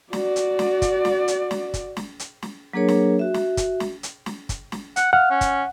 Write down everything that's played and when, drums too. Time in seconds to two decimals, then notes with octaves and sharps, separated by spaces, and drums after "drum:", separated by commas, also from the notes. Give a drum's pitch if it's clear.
0.13 F#4 D5, drum: snare
0.36 drum: hi-hat
0.59 drum: snare
0.82 drum: kick, hi-hat
1.05 drum: snare
1.28 drum: hi-hat
1.51 drum: snare
1.74 drum: kick, hi-hat
1.97 drum: snare
2.20 drum: hi-hat
2.42 drum: snare
2.73 F#3 A#3 D4 G#4 A#4 C#5
2.88 drum: snare
3.19 F#4 E5
3.34 drum: snare
3.57 drum: kick, hi-hat
3.80 drum: snare
4.03 drum: hi-hat
4.26 drum: snare
4.49 drum: kick, hi-hat
4.72 drum: snare
4.96 F#5, drum: hi-hat
5.13 F5 F#5
5.30 C#4
5.41 drum: kick, hi-hat